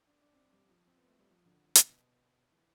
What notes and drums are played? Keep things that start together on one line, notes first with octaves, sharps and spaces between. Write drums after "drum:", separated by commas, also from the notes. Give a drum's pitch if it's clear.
D4
D4
C4
D4
G3
F3
C4
B3
A3
G3
F3
D3
B2, drum: hi-hat
E3